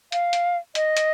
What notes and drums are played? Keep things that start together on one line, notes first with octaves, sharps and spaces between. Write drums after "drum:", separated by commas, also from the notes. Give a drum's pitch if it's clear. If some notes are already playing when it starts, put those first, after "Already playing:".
F5, drum: hi-hat
drum: hi-hat
D#5, drum: hi-hat
drum: hi-hat